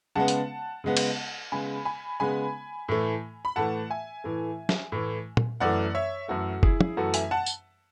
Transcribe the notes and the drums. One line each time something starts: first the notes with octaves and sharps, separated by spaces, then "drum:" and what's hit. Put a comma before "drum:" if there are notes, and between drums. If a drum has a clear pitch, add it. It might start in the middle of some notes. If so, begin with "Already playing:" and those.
C#3 G#3 B3 F#5 A5
drum: hi-hat
C#3 G#3 B3
drum: cymbal
C#3 G#3 B3 G#5 B5
G#5 B5
C#3 G#3 B3 G#5 B5
A2 E3 A3
B5
A2 E3 A3 F#5 A5
E5 G#5
A2 E3 A3
drum: snare
A2 E3 A3
drum: tom
F#2 E3 A3 D5 F#5
C#5 E5
F#2 E3 A3 F#4 A4
E4 G#4, drum: kick F#1
drum: tom
F#2 E3 A3 F#4 A4
E5 G#5, drum: hi-hat
F#5 A5
drum: tambourine